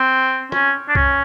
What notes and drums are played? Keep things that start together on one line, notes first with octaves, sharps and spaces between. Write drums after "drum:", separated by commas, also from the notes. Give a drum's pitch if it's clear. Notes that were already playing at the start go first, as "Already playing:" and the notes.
Already playing: C4
C#4, drum: rim click
D4
C#4, drum: kick C2